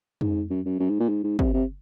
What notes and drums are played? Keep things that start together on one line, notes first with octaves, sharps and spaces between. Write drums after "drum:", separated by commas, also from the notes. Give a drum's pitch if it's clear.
G#2, drum: tom
F#2
F#2
F#2
G#2
A#2
G#2
G#2
C3, drum: kick
C3